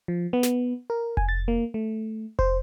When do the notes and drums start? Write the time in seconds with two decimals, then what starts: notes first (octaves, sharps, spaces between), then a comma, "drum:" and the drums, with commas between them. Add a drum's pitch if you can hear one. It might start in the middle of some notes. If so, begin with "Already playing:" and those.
0.08 F3
0.33 B3
0.43 drum: snare
0.90 A#4
1.17 G#5, drum: kick F1
1.29 A6
1.48 A#3
1.74 A3
2.39 C5, drum: kick F1